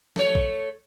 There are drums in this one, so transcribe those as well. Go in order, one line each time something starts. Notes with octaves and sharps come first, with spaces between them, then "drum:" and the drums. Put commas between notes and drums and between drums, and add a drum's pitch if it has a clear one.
A3 C#5, drum: snare
drum: kick A#1